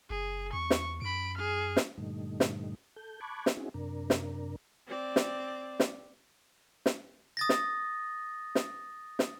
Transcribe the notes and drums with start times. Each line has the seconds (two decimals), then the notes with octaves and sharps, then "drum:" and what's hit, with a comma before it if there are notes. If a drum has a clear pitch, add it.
0.10 F#1 G#4
0.53 E2 C#6
0.70 drum: snare
1.02 F#2 B5 D7
1.37 G#4 F6
1.77 drum: snare
1.98 G2 A#2 D3 G3 A3 D#4
2.40 drum: snare
2.96 A4 G6
3.21 A5 B5 C#6 D6 F#6 G#6
3.46 drum: snare
3.57 C4 C#4 D#4 E4 F#4 G#4
3.74 F#2 C3 D4 A#4
4.10 drum: snare
4.88 C4 D5
5.16 drum: snare
5.80 drum: snare
6.86 drum: snare
7.37 D#6 A6 A#6
7.49 drum: snare
8.55 drum: snare
9.19 drum: snare